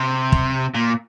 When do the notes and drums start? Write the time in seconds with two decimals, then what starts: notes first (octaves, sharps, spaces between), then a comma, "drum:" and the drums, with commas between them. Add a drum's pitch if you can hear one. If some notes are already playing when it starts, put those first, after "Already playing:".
Already playing: C3
0.32 drum: kick
0.74 A#2